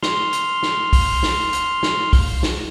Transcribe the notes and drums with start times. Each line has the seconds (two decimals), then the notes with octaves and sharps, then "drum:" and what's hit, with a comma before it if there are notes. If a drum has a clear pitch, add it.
0.03 C6 F6, drum: snare
0.33 drum: hi-hat
0.63 drum: snare
0.93 drum: kick B1, open hi-hat
1.23 drum: snare
1.53 drum: hi-hat
1.83 drum: snare
2.13 drum: kick B1, open hi-hat
2.43 drum: snare